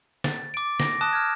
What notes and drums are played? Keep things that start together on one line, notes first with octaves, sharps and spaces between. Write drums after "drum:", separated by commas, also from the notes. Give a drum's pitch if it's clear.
A6, drum: snare
D6 D7
A#6, drum: snare
A5 D#6 F#6 E7
F6 G#6